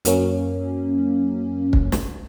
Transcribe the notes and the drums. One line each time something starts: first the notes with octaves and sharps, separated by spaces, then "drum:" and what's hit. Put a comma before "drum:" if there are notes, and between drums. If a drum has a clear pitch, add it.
F#2 F#3 A#3 C#4, drum: hi-hat
drum: kick
drum: snare